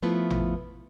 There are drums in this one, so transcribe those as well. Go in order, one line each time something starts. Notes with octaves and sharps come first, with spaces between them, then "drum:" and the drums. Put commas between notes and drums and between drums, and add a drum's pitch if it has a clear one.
F3 A3 B3 E4 F4 B4
drum: tom A1